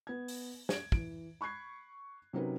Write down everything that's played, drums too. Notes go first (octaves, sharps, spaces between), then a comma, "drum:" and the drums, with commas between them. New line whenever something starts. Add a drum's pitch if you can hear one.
B3 G#6
drum: open hi-hat
G#6 D7, drum: snare
E3 D7, drum: kick
B5 C#6 F#6 G#6 C7
C3 F#3 C#4 D#4 A#4 B4